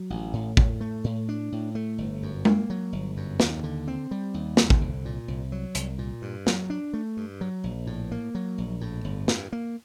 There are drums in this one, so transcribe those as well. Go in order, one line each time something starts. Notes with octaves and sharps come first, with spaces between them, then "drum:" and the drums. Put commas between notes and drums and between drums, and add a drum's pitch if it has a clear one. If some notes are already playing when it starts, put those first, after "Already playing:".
Already playing: F#3
A1
A2
A2, drum: kick
A3
A2
D4
A2
A3
G1
F#2
A#3, drum: tom G#3
F#3
G1
F#2
D#2, drum: snare
D3
C4
G3
D#2
D3, drum: snare
drum: kick
C2
A#2
C2
F#3
C2, drum: hi-hat
A#2
G2
F#3, drum: snare
D4
A3
G2
F#3
A#1
A2
A#3
F#3
A#1
A2
G1
G2, drum: snare
A#3